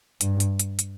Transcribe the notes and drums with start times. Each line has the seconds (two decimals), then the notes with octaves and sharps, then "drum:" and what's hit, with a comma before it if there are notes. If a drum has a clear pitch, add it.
0.21 G2, drum: hi-hat
0.40 drum: hi-hat
0.59 drum: hi-hat
0.79 drum: hi-hat